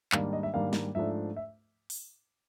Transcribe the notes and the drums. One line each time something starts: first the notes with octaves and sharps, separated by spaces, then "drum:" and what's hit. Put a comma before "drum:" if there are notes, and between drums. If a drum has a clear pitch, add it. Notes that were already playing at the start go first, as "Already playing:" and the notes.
G#2 D#3 G3 A#3 D4 F5, drum: clap
D#5
E5
G#2 D#3 G3 A#3 D4 F5
drum: snare
G#2 F3 A3 D4 E5
E5
drum: open hi-hat